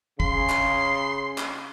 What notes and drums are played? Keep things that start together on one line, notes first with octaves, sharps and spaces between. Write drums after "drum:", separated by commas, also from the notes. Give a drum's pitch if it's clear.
C#3 C6, drum: kick
drum: clap
drum: clap